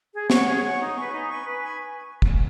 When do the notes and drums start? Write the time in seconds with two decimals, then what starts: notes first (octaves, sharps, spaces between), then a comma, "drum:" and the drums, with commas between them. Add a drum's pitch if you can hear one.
0.14 G#4
0.30 C#5 F#5 C#6, drum: snare
0.46 G#4
0.62 C#5 F#5 C#6
0.80 D#4
0.95 B4 G#5 C#6
1.11 D#4
1.29 B4 G#5 C#6
1.45 B4
1.61 G#5 C#6
2.22 drum: kick